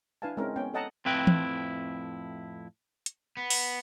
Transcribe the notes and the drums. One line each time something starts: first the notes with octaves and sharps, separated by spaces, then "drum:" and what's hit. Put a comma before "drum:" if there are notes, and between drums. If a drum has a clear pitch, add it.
D4 E4 B4 F5 G#5 A5
G#3 C4 C#4 D#4 E4 A#4
B3 C#4 G5
A4 C#5 D#5 F#5 A5 A#5
F2 A2 C4 E4 B4 G5
drum: tom
drum: hi-hat
B3
drum: open hi-hat